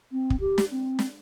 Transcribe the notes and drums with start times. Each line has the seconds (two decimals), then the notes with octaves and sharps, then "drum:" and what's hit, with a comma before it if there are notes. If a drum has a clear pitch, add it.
0.12 C4
0.30 drum: kick
0.40 G4
0.58 drum: snare
0.71 C4
0.99 drum: snare